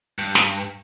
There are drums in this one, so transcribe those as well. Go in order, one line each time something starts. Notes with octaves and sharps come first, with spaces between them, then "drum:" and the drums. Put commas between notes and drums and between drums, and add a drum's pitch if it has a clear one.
G2
drum: snare